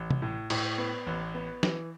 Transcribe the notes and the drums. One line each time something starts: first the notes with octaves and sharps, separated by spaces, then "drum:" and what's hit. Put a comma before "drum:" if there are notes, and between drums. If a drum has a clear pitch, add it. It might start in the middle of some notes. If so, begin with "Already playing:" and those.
Already playing: A1
drum: tom C3
A2
A2, drum: cymbal
B3
A1
B3
E3, drum: snare